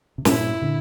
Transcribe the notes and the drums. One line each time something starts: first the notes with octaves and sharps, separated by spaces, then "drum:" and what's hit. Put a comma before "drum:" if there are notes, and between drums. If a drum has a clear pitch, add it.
C3
G2 A#2 E4, drum: snare
A#2 D3